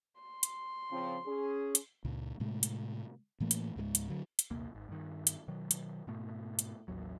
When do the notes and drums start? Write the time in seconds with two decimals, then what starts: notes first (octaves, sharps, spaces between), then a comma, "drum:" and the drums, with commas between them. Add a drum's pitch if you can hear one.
0.21 C6
0.43 drum: hi-hat
0.91 C#3 F3 C4
1.26 C#4 G#4
1.75 drum: hi-hat
2.05 C#2 A#2
2.40 A2 C3 G#3 A3
2.63 drum: hi-hat
3.40 A2 E3 A3 A#3
3.51 drum: hi-hat
3.76 C#2 G#2 F#3 G#3
3.95 drum: hi-hat
4.10 D3 F#3
4.39 drum: hi-hat
4.51 A#1 D#2 C3 A#3
4.75 G#1
4.89 G2 D#3
5.27 drum: hi-hat
5.48 B2 D#3 F#3
5.71 drum: hi-hat
6.07 G#2 B2 A3
6.59 drum: hi-hat
6.88 A1 D#2 F#3